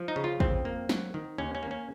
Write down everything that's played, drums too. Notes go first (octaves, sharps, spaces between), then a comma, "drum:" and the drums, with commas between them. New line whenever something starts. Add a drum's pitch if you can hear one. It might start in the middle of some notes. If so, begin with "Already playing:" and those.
Already playing: F3
D#4
C#3
F4
F2 C4, drum: kick
A#3
F#3, drum: snare
D#3
D#2 C#4
C#4
A#3
C#4